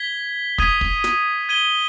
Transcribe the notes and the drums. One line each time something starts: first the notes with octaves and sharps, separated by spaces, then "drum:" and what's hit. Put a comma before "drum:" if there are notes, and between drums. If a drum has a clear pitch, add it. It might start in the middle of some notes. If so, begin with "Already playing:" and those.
Already playing: G#6 B6 G7
D#6 G#6 B6 D#7, drum: kick
drum: kick
drum: snare
G#6 D#7 G7